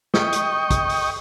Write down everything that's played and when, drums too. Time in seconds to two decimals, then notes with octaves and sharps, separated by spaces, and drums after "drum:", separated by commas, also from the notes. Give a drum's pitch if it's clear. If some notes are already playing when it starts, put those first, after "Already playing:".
0.14 D#5 G5 C#6, drum: snare
0.33 drum: hi-hat
0.70 drum: kick, hi-hat
0.89 drum: open hi-hat